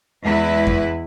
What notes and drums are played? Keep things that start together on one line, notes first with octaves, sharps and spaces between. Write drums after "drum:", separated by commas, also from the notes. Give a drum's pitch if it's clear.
E2 G#3 E4 B4
drum: kick F2